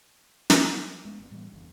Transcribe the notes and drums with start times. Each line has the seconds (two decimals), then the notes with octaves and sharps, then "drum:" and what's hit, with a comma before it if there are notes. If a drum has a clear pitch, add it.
0.50 drum: snare
1.05 G#3 B3
1.18 G#1 B3
1.31 A2 E3 G3 B3
1.51 F#1 E2 D3